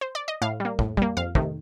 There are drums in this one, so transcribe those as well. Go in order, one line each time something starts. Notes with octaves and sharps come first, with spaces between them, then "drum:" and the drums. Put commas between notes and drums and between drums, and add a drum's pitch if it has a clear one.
C5
D5
D#5
A2 F5
G3 A#3
A2, drum: kick
G3 A#3, drum: kick
F2 F5
C3 D#3 A3, drum: kick